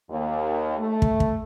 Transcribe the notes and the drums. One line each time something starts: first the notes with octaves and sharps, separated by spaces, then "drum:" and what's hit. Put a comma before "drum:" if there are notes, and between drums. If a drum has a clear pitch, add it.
D#2
A3
drum: kick
drum: kick